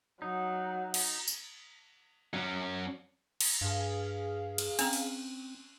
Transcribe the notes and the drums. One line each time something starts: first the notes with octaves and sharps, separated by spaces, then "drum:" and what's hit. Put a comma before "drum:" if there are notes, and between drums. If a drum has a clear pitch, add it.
F#3 D#4
drum: cymbal
drum: tambourine
F#3 C#4
drum: cymbal
G2 G#4 F5
drum: cymbal
C4 C#4 A#5, drum: cymbal
drum: open hi-hat